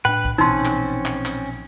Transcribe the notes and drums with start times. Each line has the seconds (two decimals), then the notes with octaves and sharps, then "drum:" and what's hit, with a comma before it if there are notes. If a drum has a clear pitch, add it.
0.05 A2 D4 B4 G5
0.25 drum: kick B1
0.38 A#1 B2 E3 C4 C#4 D#4 C6
0.65 drum: clap
1.05 drum: clap
1.26 drum: clap